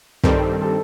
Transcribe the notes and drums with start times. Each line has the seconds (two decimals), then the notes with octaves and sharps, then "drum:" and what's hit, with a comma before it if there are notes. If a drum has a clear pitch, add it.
0.24 G2 D#3 G3 C4 A4, drum: kick
0.62 A4